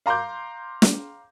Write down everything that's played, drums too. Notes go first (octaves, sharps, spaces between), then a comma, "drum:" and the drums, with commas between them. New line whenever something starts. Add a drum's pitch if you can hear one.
F5 A#5 C6 D6 G6
drum: snare